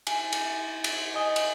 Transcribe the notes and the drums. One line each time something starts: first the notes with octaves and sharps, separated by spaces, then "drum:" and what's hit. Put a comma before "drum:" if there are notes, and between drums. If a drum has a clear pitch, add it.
G#5, drum: cymbal
drum: cymbal
drum: cymbal
D#5 G#5 D#6 G7
drum: cymbal